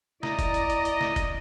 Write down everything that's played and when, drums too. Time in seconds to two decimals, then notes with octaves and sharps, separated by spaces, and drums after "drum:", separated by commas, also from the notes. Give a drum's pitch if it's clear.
0.23 E4 D5 D#5 A#5, drum: snare
0.39 drum: kick F1, hi-hat
0.54 drum: hi-hat
0.70 drum: hi-hat
0.85 drum: hi-hat
1.01 drum: snare
1.16 drum: kick F1, hi-hat